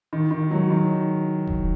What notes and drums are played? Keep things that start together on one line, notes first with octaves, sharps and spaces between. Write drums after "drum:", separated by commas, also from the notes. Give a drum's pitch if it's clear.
D#3
D#3
F#3
D#3
drum: kick D#1